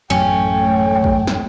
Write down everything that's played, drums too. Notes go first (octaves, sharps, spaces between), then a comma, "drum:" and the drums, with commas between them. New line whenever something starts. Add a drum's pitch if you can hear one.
A1 F#2 F#3 A3 C#4 G5
drum: kick
drum: snare